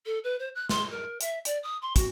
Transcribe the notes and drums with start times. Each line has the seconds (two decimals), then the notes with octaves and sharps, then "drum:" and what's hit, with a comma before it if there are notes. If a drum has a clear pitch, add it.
0.05 A4
0.24 B4
0.39 C5
0.55 F#6
0.69 C6, drum: snare
0.91 A#4
1.21 E5, drum: hi-hat
1.45 D5, drum: hi-hat
1.63 D#6
1.82 C6
1.96 F#4, drum: kick, hi-hat